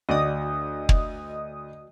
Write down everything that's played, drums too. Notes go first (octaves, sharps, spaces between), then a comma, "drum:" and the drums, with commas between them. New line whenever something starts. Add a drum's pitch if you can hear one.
D2 F#4 D5 D#5 D#6
drum: kick